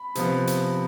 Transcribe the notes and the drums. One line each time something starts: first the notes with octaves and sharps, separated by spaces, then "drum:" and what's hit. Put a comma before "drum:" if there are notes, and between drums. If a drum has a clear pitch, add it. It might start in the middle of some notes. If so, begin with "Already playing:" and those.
Already playing: B5
C3 F3 B3, drum: hi-hat
drum: hi-hat